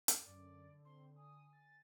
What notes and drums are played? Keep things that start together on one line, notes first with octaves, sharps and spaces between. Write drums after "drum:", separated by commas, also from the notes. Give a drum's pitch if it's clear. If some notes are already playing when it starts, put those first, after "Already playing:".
drum: hi-hat
F#2 D3 D5
C4 C6
G#5 D#6
A6